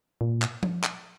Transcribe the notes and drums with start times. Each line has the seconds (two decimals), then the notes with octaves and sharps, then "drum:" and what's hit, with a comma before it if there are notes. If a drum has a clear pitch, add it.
0.21 A#2
0.42 drum: clap
0.63 drum: tom F3
0.84 drum: clap